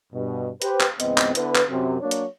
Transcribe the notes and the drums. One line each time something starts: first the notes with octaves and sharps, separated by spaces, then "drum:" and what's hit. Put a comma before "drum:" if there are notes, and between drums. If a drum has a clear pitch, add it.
G2 B2
G4 B4 C5, drum: hi-hat
drum: clap
C#2 G#2 E3 B3 C4 D#5, drum: hi-hat
drum: clap
D3 B3 E4 B4, drum: hi-hat
drum: clap
F#2 C3
F#3 A#3 D4 C#5
drum: hi-hat